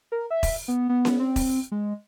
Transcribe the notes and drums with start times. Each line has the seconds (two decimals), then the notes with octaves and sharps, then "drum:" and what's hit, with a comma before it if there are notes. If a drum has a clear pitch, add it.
0.12 A#4
0.30 E5
0.43 drum: kick E1, open hi-hat
0.68 B3
0.89 B3
1.05 drum: snare C#4
1.20 C4
1.36 drum: kick E1, open hi-hat
1.72 G#3